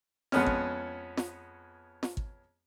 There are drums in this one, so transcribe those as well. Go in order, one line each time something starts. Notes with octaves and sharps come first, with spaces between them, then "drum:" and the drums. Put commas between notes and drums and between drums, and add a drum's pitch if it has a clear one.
F2 G#3 B3 C#4 F6, drum: snare
drum: kick
drum: snare
drum: snare
drum: kick